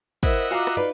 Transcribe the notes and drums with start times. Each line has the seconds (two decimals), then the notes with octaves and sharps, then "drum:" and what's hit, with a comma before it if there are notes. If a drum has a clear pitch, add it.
0.23 E4 A#4 C5 D#5 E5 F#5, drum: kick, hi-hat
0.51 F4 F#4 F5 A#5 D6
0.67 drum: rim click
0.77 D#4 B4 D5